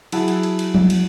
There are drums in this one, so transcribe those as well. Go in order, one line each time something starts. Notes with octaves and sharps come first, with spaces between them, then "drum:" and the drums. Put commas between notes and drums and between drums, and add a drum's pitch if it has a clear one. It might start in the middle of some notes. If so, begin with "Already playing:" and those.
F#3 E4 G#4 F#5 A5, drum: cymbal
drum: cymbal
drum: cymbal
drum: cymbal
drum: tom F3
drum: cymbal